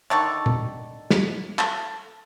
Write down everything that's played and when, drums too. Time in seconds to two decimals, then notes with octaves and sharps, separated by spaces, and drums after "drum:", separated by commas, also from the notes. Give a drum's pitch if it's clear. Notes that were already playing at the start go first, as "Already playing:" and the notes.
0.10 D3 D#3 A4 C#6
0.46 drum: tom A#2
1.11 drum: snare
1.59 A4, drum: clap